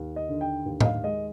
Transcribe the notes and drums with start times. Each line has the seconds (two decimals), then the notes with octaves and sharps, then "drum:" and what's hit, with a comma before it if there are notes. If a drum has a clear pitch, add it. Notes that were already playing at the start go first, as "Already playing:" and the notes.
Already playing: D#2
0.16 D#5
0.29 D3
0.41 G5
0.66 D#2
0.81 D#5, drum: tom A2
0.85 F5
1.03 G#3 D#5